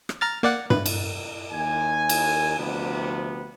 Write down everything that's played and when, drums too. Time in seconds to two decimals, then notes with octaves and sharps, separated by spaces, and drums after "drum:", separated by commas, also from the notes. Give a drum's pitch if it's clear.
0.09 drum: rim click
0.21 A#5 F6 A6
0.43 A#3 D5 F#5
0.70 B4, drum: tom G2
0.86 drum: cymbal
1.52 D#2 G#5
2.09 drum: cymbal
2.59 D2 C3 F3 B3